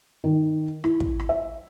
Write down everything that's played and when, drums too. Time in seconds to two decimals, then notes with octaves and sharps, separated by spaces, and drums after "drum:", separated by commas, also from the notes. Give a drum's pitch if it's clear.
0.24 D#3
0.84 E4, drum: rim click
1.00 drum: kick
1.19 drum: rim click
1.29 E5